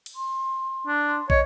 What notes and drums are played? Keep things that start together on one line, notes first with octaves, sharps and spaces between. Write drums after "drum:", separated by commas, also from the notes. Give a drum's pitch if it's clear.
drum: cymbal
C6
D4
C6
C#5 D#5, drum: kick